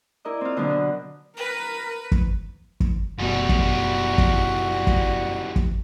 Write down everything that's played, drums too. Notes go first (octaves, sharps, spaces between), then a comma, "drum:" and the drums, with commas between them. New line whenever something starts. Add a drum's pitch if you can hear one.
E4 A#4 D5 D#5
C4 F4
B2 D3 F#3 B3
F#4
A#4 B4
drum: kick
drum: kick
F#1 E2 B2 G3 F#4
drum: kick
drum: kick
drum: kick
drum: kick